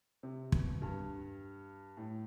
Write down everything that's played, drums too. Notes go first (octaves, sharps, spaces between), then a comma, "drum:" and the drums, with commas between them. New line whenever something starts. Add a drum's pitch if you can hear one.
C3
B2, drum: kick
G2
A2